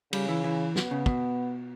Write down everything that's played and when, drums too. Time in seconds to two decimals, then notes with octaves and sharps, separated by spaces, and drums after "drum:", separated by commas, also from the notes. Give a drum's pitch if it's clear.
0.13 C#3 G3, drum: cymbal
0.29 E3
0.44 E3
0.76 B3, drum: snare
0.91 C#3
1.06 B2, drum: kick